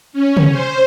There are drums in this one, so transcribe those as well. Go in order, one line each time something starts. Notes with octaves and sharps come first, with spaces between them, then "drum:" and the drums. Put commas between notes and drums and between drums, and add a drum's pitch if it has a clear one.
C#4
drum: tom
C5